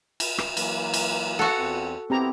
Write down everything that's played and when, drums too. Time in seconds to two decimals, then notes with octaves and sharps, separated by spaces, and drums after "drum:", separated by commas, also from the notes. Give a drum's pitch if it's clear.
0.20 drum: cymbal
0.38 drum: rim click
0.57 E3 F#3 A#3, drum: cymbal
0.94 drum: cymbal
1.39 F#4 A4 F#5
1.59 E2 C4
2.10 B3 C4 E4 G4 A#5